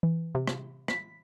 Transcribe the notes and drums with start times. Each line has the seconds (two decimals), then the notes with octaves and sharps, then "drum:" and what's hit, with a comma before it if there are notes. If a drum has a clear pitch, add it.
0.03 E3
0.35 C3
0.47 drum: rim click
0.88 B6, drum: rim click